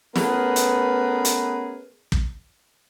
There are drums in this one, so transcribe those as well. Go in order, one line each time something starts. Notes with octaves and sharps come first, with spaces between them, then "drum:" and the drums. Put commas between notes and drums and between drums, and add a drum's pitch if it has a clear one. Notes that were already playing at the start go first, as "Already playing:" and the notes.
A3 B3 C#4 G#4 A#4 B4, drum: snare
drum: hi-hat
drum: hi-hat
drum: kick